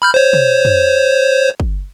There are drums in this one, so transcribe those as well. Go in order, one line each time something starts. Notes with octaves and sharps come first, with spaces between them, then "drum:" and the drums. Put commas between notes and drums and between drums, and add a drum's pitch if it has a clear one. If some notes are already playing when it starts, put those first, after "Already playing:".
B5 F6 G6
C5 C#5
drum: tom
drum: tom
drum: kick